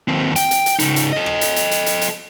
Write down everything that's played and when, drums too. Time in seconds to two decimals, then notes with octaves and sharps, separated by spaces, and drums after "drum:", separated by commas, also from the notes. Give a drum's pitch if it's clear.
0.08 D#2 C4
0.36 G5, drum: hi-hat
0.51 drum: hi-hat
0.66 drum: hi-hat
0.79 C#3 D#4, drum: hi-hat
0.96 drum: hi-hat
1.13 A4 D#5
1.26 drum: rim click
1.41 drum: hi-hat
1.56 drum: hi-hat
1.71 drum: hi-hat
1.86 drum: hi-hat
2.01 drum: hi-hat